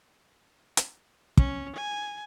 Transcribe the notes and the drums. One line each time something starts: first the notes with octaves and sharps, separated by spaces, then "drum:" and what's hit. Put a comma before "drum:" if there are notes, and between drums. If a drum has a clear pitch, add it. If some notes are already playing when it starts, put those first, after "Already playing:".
drum: hi-hat
C#4, drum: kick
G#5